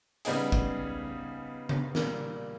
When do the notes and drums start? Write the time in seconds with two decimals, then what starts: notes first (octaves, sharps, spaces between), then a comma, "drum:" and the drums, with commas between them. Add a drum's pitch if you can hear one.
0.25 C#3 G3 B3 D#4 G#4, drum: hi-hat
0.52 drum: kick F#1
1.69 drum: tom C#3
1.95 A#2 G3 A#3, drum: snare